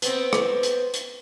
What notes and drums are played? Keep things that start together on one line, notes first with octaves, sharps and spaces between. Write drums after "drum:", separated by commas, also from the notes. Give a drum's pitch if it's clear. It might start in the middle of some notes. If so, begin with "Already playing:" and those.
B3 C4, drum: hi-hat
drum: rim click
drum: hi-hat
drum: hi-hat